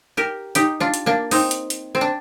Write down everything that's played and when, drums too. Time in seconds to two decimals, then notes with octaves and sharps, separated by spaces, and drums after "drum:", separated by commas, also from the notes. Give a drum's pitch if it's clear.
0.17 G4 A#4
0.55 D#4 G4, drum: hi-hat
0.80 D4 F4
0.94 drum: hi-hat
1.06 A#3 D4
1.31 C4 D#4, drum: open hi-hat
1.51 drum: hi-hat
1.70 drum: hi-hat
1.95 C4
2.01 D4